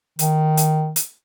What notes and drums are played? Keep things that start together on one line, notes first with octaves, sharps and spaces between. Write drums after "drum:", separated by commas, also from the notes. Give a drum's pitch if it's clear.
D#3, drum: hi-hat
drum: hi-hat
drum: hi-hat